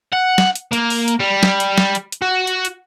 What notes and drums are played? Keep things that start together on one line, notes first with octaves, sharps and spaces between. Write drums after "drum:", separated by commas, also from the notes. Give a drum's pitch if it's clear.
F#5
drum: snare
drum: hi-hat
A#3, drum: hi-hat
drum: open hi-hat
drum: hi-hat
G3
drum: snare
drum: hi-hat
drum: snare
drum: hi-hat
drum: hi-hat
F#4
drum: hi-hat
drum: hi-hat